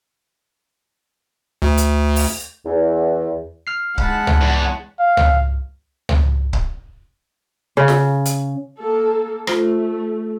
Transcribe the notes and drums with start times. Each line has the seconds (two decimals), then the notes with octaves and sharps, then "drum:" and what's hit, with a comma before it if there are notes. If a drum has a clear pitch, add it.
1.62 D2
1.78 drum: hi-hat
2.16 drum: open hi-hat
2.65 E2
3.67 F6 C7
3.98 G#3 F#5 A5 B5, drum: kick C#1
4.27 drum: tom C#2
4.41 E2
4.99 F5
5.17 drum: tom C#2
6.09 drum: tom C#2
6.53 drum: kick C#1
7.77 C#3
7.88 drum: snare
8.26 drum: hi-hat
8.79 A#3 A4
9.47 A3 F4 C5, drum: rim click